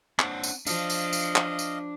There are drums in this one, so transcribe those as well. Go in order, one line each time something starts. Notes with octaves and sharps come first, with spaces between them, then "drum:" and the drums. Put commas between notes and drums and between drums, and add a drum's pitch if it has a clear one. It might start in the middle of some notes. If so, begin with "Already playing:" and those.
C4 D4 F#5, drum: clap
drum: tambourine
F3 D4 D#5 F5, drum: tambourine
drum: tambourine
drum: tambourine
drum: clap
drum: tambourine